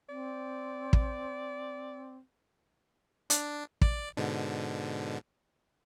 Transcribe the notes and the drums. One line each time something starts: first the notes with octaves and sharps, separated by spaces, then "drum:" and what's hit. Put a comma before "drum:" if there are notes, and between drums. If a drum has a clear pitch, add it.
C4 D5
drum: kick
D4, drum: hi-hat
D5, drum: kick
G#2 B2 D3